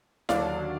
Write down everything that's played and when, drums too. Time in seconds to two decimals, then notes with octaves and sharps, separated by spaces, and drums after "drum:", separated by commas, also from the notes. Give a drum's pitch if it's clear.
0.29 D#2 D3 F#3 D4 D5 F5, drum: snare E4